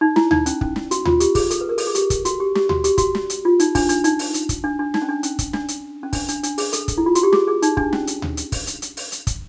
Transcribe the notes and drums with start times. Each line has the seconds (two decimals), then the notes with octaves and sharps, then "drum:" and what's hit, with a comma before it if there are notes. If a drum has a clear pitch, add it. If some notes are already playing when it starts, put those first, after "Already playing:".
0.01 D#4
0.16 E4, drum: snare
0.31 D#4, drum: tom D2
0.46 C#4, drum: hi-hat
0.61 C#4, drum: kick
0.76 drum: snare
0.91 F#4, drum: hi-hat
1.05 F4, drum: tom D2
1.20 G4, drum: hi-hat
1.35 G#4, drum: kick, open hi-hat
1.51 A4, drum: hi-hat
1.61 B4
1.69 A#4
1.78 A4, drum: open hi-hat
1.87 G#4
1.95 G4, drum: hi-hat
2.10 drum: kick, hi-hat
2.25 F#4, drum: hi-hat
2.40 G4
2.55 G4, drum: snare
2.69 F#4, drum: tom D2
2.84 G4, drum: hi-hat
2.98 F#4, drum: kick, hi-hat
3.15 drum: snare
3.30 drum: hi-hat
3.45 F4
3.60 D#4, drum: hi-hat
3.75 D4, drum: kick, open hi-hat
3.89 D4, drum: hi-hat
4.04 D#4, drum: hi-hat
4.19 drum: open hi-hat
4.34 drum: hi-hat
4.49 drum: kick, hi-hat
4.64 D4
4.79 D4
4.94 D#4, drum: snare
5.02 C#4
5.09 D4
5.23 C#4, drum: hi-hat
5.39 drum: kick, hi-hat
5.53 D4, drum: snare
5.68 drum: hi-hat
6.03 C#4
6.13 D4, drum: kick, open hi-hat
6.28 D4, drum: hi-hat
6.43 D4, drum: hi-hat
6.58 G#4, drum: open hi-hat
6.73 A4, drum: hi-hat
6.88 drum: kick, hi-hat
6.98 E4
7.06 F4
7.15 F#4, drum: hi-hat
7.23 G4
7.33 G#4, drum: snare
7.47 G#4
7.62 D#4, drum: hi-hat
7.77 D4, drum: kick
7.93 C#4, drum: snare
8.07 drum: hi-hat
8.22 drum: tom D2
8.37 drum: hi-hat
8.52 drum: kick, open hi-hat
8.67 drum: hi-hat
8.82 drum: hi-hat
8.97 drum: open hi-hat
9.12 drum: hi-hat
9.27 drum: kick, hi-hat